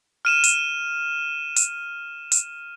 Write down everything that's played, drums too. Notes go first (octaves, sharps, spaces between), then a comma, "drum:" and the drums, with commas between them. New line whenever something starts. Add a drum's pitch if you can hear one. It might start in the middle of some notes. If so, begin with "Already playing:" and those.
F6 D#7 E7
drum: hi-hat
drum: hi-hat
drum: hi-hat